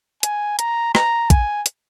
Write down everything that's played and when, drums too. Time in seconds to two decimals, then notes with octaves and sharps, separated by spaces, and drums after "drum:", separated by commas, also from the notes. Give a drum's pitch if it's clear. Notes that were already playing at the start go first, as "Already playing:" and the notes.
0.23 G#5, drum: hi-hat
0.59 A#5, drum: hi-hat
0.95 A#5, drum: rim click
1.30 G#5, drum: kick, hi-hat
1.66 drum: hi-hat